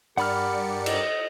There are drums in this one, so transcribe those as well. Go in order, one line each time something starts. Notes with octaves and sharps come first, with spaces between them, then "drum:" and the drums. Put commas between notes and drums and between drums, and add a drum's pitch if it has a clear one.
G2 G4 A#4 D5 F#5 B5 F6 C#7
D#5, drum: cymbal